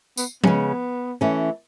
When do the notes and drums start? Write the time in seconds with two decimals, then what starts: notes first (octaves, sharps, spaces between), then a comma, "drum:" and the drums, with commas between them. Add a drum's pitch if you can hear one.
0.17 B3, drum: tambourine
0.44 C#3 G#3 B3 C#4, drum: tom F3
1.21 E3 A3 C#4